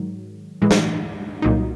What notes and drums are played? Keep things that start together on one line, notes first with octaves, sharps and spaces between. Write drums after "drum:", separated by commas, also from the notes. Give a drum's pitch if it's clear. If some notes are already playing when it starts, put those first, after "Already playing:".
Already playing: G#2 D#3 F#3
A2 E3 G#3
drum: snare
C2 A#2 F#3 A#3 D#4